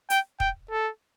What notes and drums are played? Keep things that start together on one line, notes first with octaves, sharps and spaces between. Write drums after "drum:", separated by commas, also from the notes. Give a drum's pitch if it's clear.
G5, drum: hi-hat
G5, drum: kick
A4